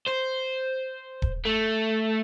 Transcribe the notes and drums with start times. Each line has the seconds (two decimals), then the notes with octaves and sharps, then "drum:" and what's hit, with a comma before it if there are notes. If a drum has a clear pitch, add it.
0.07 C5
1.22 drum: kick D#1
1.45 A3